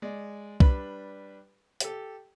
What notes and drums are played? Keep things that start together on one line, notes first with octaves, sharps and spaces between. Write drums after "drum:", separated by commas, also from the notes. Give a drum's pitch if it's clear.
G#3 D5
G3 D4 B4 B5, drum: kick
G4 A4, drum: hi-hat